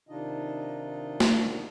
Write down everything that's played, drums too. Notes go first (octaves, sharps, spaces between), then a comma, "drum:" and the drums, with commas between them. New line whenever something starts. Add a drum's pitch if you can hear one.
C3 D#3 D4 D#4 F4 D#5
drum: snare